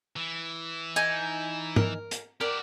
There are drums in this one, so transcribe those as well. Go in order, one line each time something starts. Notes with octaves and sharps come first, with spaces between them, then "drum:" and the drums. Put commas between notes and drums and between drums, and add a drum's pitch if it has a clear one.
E3
D#4 G#5
A#4, drum: tom G#2
drum: hi-hat
G4 A#4 D5 F#5